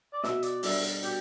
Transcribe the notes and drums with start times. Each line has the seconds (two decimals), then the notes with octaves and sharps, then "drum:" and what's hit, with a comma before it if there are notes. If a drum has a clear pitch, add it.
0.13 D5
0.23 B2 E5, drum: snare
0.43 D5, drum: hi-hat
0.63 G3 D4 A4 D5 E5, drum: open hi-hat
0.83 drum: hi-hat
1.03 B2 G4, drum: hi-hat